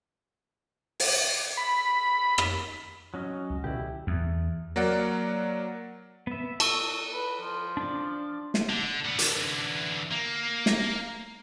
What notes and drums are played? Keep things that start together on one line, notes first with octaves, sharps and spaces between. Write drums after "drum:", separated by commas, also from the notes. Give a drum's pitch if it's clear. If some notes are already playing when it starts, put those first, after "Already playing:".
drum: open hi-hat
B5
drum: rim click
F#3 C#4 D#5
C#2
B2 D3 E4 G4
E2
F#3 A#3 D5 F#5
B3 E5
A5 C#6 E6, drum: cymbal
A4
B4
F3
D4 D5
drum: snare
D3
D3 B3
D3 E3, drum: hi-hat
A#3
drum: snare